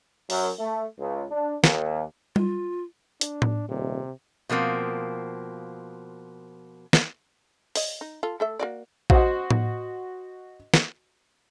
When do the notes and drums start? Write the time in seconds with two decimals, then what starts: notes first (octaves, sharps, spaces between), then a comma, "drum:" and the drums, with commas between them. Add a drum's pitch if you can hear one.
0.30 F#2, drum: open hi-hat
0.60 A3
0.99 C#2
1.32 D4
1.64 D#2, drum: snare
2.36 F4, drum: tom G3
3.21 D4, drum: hi-hat
3.42 drum: tom A2
3.69 D#1 C3
4.49 B2 F3 A#3 C4
6.93 drum: snare
7.75 C#5 D#5, drum: open hi-hat
8.01 D#4
8.23 F4 A4
8.40 A3 A4 E5
8.59 A#3 F#4 D5
9.10 F#4 C5 D#5 F#5, drum: kick
9.51 drum: tom A2
10.74 drum: snare